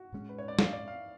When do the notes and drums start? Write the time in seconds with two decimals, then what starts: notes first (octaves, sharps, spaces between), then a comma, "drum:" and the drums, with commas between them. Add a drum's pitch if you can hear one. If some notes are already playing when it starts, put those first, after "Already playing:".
Already playing: F#4
0.12 A2 G#3 C#4
0.29 B4
0.38 C#5
0.48 D5
0.59 F5, drum: snare
0.73 D5
0.88 F5